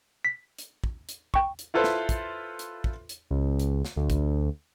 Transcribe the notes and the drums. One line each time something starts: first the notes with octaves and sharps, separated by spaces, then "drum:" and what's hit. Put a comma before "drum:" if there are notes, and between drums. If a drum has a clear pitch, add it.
B6
drum: hi-hat
drum: kick
drum: hi-hat
G5 C#6, drum: kick
drum: hi-hat
E4 F4 A4 B4 C5
drum: snare
drum: kick, hi-hat
drum: hi-hat
drum: kick
drum: hi-hat
C#2
drum: hi-hat
drum: snare
D2
drum: kick, hi-hat